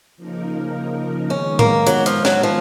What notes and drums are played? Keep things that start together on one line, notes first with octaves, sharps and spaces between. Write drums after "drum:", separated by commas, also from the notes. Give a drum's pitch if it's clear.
C#3 F3 A#3 D#4 A#4
D#3 G#3 B3 C#4
A#3, drum: tom A2
F#3, drum: hi-hat
F3, drum: hi-hat
F#3, drum: snare
F3